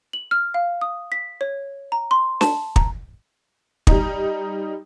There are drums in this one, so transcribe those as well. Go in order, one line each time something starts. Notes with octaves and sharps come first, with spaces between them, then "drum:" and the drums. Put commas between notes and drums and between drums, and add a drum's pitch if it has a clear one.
F#7
F6
F5
D#6
B6
C#5
A#5
C6
A5, drum: snare
A#5, drum: kick
G3 D#4, drum: kick